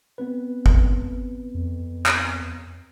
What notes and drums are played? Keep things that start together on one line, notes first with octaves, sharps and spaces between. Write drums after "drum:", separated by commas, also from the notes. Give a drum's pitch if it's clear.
B3 C4 B4
drum: kick G1
F2
drum: clap